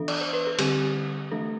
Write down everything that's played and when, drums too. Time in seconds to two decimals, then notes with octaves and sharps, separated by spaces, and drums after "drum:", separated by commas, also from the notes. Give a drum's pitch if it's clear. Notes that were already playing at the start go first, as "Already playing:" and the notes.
Already playing: E3 B3 D4 A4
0.08 D5, drum: cymbal
0.21 C5
0.33 B4
0.47 A4
0.59 D3 G3 C4 G4, drum: cymbal
1.31 E3 A3 D4 A4